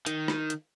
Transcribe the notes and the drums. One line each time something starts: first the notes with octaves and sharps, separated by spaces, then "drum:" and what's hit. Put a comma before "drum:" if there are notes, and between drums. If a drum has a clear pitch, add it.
D#3, drum: hi-hat
drum: rim click
drum: hi-hat